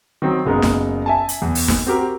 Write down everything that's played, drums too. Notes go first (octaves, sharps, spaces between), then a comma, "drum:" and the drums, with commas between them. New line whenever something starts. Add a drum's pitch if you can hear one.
D#3 F#3 C4
F#1 G#3 B3 D#4 A#4
drum: snare
E5 G#5 A5
drum: hi-hat
E2
drum: open hi-hat
drum: snare
C4 F#4 G4 A#4